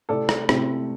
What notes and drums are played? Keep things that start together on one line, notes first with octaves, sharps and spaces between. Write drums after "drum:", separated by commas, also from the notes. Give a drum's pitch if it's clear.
C3 A3 C4 E4 A4 D5
drum: rim click
C3 A3 C4 E4, drum: rim click